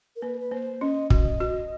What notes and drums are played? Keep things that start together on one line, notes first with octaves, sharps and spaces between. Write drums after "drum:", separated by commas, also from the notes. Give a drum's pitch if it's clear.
A#4
A#3 B4
B4
A#3 C5
C#4 D#5
F#4 D#5, drum: kick
F#4